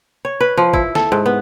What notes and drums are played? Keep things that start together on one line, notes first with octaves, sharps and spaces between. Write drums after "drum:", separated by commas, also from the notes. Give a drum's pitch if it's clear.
C#5
B4
F3
E4, drum: kick
A4, drum: snare
G#2
B3